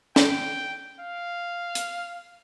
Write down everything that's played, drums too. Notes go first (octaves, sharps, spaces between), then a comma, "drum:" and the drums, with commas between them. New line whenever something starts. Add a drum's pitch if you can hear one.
G5, drum: snare
F5
drum: hi-hat